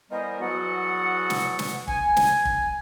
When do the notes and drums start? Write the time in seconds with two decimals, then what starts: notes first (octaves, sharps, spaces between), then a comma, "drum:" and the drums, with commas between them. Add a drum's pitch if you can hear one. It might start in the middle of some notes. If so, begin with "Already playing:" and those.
0.10 E3 G3 B3 A#4 C5 D#5
0.40 E2 F#3 F#4 G#4 A4 F#5
1.30 drum: snare
1.59 drum: snare
1.88 G#5, drum: kick
2.17 drum: snare
2.45 drum: kick